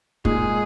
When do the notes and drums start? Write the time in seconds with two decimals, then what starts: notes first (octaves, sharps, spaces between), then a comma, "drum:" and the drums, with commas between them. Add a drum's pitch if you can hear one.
0.25 A#2 G#3 D#4 G#4, drum: kick